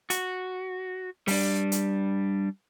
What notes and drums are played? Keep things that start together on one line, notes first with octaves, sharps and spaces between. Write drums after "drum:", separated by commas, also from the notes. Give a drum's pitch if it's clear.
F#4, drum: hi-hat
G3 D4, drum: open hi-hat
drum: hi-hat